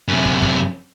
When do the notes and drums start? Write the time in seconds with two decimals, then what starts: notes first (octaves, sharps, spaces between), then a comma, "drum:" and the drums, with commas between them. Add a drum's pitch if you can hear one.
0.08 F#2 C3
0.25 drum: kick
0.42 drum: kick